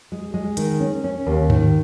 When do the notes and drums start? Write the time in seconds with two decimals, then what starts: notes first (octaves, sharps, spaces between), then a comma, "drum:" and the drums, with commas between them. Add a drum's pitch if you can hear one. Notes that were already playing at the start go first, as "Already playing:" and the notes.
0.12 G#3
0.34 G#3
0.57 D#3, drum: hi-hat
0.80 C#4
1.04 C#4
1.26 D#2
1.50 D#3, drum: tom G#2